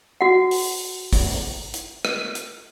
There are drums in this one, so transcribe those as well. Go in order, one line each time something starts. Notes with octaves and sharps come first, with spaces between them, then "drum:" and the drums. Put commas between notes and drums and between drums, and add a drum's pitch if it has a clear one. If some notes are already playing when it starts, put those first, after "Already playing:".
F#4 F#5
drum: open hi-hat
drum: kick, open hi-hat
drum: hi-hat
drum: rim click
drum: hi-hat